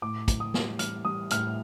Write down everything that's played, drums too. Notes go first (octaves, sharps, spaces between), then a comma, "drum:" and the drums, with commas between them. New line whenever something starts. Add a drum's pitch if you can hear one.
A2 D6
A2, drum: kick, hi-hat
D#6
G3, drum: snare
G3 F6, drum: hi-hat
G3 D#6
A2 F6, drum: hi-hat